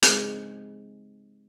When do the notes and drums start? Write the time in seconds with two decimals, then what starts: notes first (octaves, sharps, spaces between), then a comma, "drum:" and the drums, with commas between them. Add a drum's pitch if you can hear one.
0.02 G#3 C4 G#4, drum: hi-hat